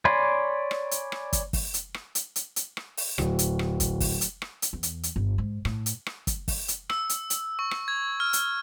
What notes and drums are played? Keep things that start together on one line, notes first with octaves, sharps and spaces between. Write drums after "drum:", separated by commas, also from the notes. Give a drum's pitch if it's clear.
C#5 D5 G#5 B5 C6
drum: rim click
drum: hi-hat
drum: rim click
drum: kick, hi-hat
drum: kick, open hi-hat
drum: hi-hat
drum: rim click
drum: hi-hat
drum: hi-hat
drum: hi-hat
drum: rim click
drum: open hi-hat
D1, drum: rim click
drum: hi-hat
drum: rim click
drum: kick, hi-hat
drum: kick, open hi-hat
drum: hi-hat
drum: rim click
drum: hi-hat
E2
drum: hi-hat
drum: hi-hat
G1
G#2
A2, drum: rim click
drum: hi-hat
drum: rim click
drum: kick, hi-hat
drum: kick, open hi-hat
drum: hi-hat
E6, drum: rim click
drum: hi-hat
drum: hi-hat
C#6
drum: rim click
G#6
F6
drum: hi-hat